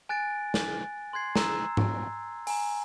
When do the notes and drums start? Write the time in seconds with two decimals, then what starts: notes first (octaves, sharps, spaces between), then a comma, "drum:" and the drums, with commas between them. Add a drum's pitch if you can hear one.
0.09 G#5 F#6 A6 D7
0.54 drum: snare
1.13 C6 F#6 G#6 C7
1.36 A#5 E6, drum: snare
1.77 drum: tom G#2
2.47 G#5 A#5, drum: open hi-hat